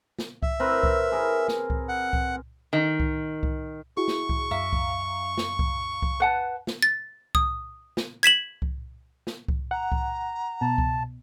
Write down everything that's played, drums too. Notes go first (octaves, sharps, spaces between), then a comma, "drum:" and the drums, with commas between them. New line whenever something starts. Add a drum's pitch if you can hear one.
drum: snare
E5, drum: kick C2
C4 A#4 B4
drum: kick C2
G#4 A#4
drum: snare
drum: kick C2
F#5
drum: kick C2
D#3
drum: kick C2
drum: kick C2
E4 F#4 G#4 C#6
drum: snare
drum: kick C2
F#2 E5 F5 A#5
drum: kick C2
drum: snare
drum: kick C2
drum: kick C2
B4 F#5 A5
drum: snare
A6
D#6, drum: kick C2
drum: snare
G#6 B6 E7 F#7
drum: kick C2
drum: snare
drum: kick C2
F#5 A#5
drum: kick C2
B2 A5
drum: kick C2